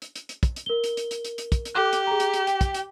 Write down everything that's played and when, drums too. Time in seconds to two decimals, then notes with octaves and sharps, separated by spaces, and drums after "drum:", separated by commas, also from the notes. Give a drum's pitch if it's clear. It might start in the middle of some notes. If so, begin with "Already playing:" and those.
0.02 drum: hi-hat
0.15 drum: hi-hat
0.29 drum: hi-hat
0.43 drum: kick, hi-hat
0.56 drum: hi-hat
0.66 A#4 G7
0.84 drum: hi-hat
0.97 drum: hi-hat
1.11 drum: hi-hat
1.25 drum: hi-hat
1.38 drum: hi-hat
1.52 drum: kick, hi-hat
1.65 drum: hi-hat
1.75 G4 A4 D6 F#6
1.93 drum: hi-hat
2.07 G#4 A#5
2.20 drum: hi-hat
2.34 drum: hi-hat
2.47 G5, drum: hi-hat
2.61 drum: kick, hi-hat
2.74 drum: hi-hat